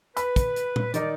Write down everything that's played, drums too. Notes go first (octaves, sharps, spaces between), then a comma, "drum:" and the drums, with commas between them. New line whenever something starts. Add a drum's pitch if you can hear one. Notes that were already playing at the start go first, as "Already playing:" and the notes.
B4 B5, drum: hi-hat
drum: kick, hi-hat
drum: hi-hat
drum: tom
D#3 D#4 A#4 D5, drum: hi-hat